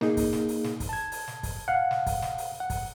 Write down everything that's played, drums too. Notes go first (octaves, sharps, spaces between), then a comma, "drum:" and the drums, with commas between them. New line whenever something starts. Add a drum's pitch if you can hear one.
A#3 D#4 G#4, drum: snare
drum: kick, open hi-hat
drum: snare
drum: open hi-hat
drum: snare
drum: kick, open hi-hat
A5 G#6
drum: open hi-hat
drum: snare
drum: kick, open hi-hat
F5 F#5
drum: snare
drum: kick, open hi-hat
drum: snare
drum: open hi-hat
F#5
drum: kick, open hi-hat